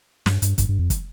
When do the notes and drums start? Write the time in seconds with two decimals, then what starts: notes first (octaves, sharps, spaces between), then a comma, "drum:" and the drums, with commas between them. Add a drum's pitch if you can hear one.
0.26 G2, drum: snare
0.42 G2, drum: hi-hat
0.58 G2, drum: kick, hi-hat
0.69 G2
0.79 F2
0.90 drum: kick, hi-hat